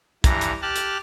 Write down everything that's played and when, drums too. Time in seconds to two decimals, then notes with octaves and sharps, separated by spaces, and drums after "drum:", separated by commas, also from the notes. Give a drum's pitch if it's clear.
0.24 G2 E3 A#5, drum: kick, hi-hat
0.41 drum: hi-hat
0.62 G4 A5 F6 F#6
0.76 drum: hi-hat